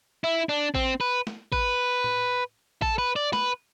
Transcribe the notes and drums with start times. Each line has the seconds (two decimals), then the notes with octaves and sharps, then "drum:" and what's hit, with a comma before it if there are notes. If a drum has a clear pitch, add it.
0.24 E4
0.49 D4
0.75 C4, drum: kick A1
1.01 B4
1.27 drum: snare
1.52 B4, drum: kick A1
2.04 drum: tom A2
2.82 A4, drum: kick A1
2.98 B4
3.16 D5
3.33 B4, drum: snare